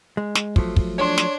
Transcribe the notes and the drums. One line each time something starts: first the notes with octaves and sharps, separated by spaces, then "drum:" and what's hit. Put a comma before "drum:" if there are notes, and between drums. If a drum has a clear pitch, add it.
G#3
drum: snare
F3 F#3 A3, drum: kick
drum: kick
D4 C#5 C6
drum: snare